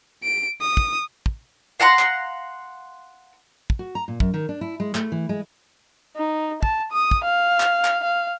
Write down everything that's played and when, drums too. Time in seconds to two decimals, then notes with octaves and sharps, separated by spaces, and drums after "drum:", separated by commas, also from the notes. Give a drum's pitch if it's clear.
0.24 D7
0.61 D#6
0.77 drum: kick
1.26 drum: kick
1.80 F5 F#5 A#5 C6
1.99 drum: clap
3.70 drum: kick
3.79 F#4
3.95 A#5
4.08 A#2
4.20 F#2, drum: kick
4.34 D#3
4.49 D4
4.61 E4
4.80 G#3
4.95 A3, drum: clap
5.12 E3
5.29 G#3
6.16 D#4
6.63 A5, drum: kick
6.92 D#6
7.11 drum: kick
7.24 F5
7.60 drum: clap
7.85 drum: clap
8.03 F5